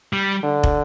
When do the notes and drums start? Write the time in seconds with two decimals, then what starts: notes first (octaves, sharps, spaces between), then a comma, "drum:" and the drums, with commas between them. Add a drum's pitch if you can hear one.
0.13 G3
0.43 D3
0.63 drum: kick